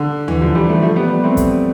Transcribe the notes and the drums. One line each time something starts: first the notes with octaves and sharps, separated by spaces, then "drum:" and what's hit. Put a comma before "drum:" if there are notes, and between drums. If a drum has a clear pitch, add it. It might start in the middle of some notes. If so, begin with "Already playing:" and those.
Already playing: D3
E3, drum: tom D#2
D3 F3
E3 G3
F3 A3
F3 A3
G3 B3
G3 B3
A3 C4
drum: kick, hi-hat